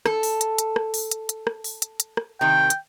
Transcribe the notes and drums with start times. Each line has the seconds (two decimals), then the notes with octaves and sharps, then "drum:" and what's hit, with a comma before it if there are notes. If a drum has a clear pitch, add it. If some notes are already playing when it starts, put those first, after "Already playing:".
0.06 A4, drum: rim click
0.23 drum: open hi-hat
0.41 drum: hi-hat
0.58 drum: hi-hat
0.76 drum: rim click
0.94 drum: open hi-hat
1.11 drum: hi-hat
1.29 drum: hi-hat
1.47 drum: rim click
1.64 drum: open hi-hat
1.82 drum: hi-hat
2.00 drum: hi-hat
2.17 drum: rim click
2.41 C3 D#3 G5
2.70 drum: hi-hat